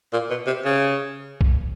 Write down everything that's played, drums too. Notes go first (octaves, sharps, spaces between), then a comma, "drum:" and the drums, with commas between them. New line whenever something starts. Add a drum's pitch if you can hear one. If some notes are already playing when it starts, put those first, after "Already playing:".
A#2
B2
C3
C#3
drum: kick